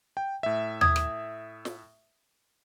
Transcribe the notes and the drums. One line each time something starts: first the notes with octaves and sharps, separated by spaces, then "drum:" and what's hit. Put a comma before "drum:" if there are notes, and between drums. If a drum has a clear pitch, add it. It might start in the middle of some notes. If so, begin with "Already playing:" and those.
G5
A2 E5
D#6 G#6, drum: tom D#2
drum: rim click
drum: snare